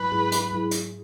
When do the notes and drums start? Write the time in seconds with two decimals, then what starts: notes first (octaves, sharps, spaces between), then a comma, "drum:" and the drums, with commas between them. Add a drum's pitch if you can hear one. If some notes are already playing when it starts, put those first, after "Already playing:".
Already playing: G#2 F#3 E4 B4
0.12 G#2 F#3 E4 G#4
0.32 drum: hi-hat
0.51 G#2 F#3 E4 G#4
0.71 drum: hi-hat